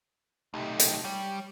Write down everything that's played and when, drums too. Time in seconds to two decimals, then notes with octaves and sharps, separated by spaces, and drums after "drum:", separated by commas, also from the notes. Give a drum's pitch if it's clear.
0.54 B1 C3 A3 D#4 G4
0.80 drum: hi-hat
1.05 G3 C#5